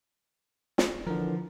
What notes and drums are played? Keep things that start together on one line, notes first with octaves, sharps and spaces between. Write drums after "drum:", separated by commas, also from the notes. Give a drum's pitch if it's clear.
drum: snare
D3 E3 F3 A#4